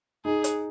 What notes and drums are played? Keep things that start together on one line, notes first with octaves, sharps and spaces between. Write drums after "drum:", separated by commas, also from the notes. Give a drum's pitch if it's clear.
D#4 G#4
drum: hi-hat